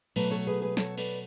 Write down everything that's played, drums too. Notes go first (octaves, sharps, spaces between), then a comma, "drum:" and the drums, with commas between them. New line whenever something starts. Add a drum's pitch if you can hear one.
B2 F#3 A3 B4 D5, drum: cymbal
A4 C#5
G#4 B4
G#4 B4
A4 C#5, drum: snare
B4 D5, drum: cymbal